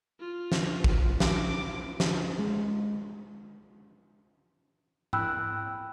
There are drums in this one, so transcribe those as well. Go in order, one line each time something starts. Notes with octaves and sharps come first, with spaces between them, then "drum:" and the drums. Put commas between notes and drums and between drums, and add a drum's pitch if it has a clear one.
F4
drum: snare
drum: kick
D6, drum: snare
drum: snare
G#3
G5 B5 E6 F#6, drum: tom G#2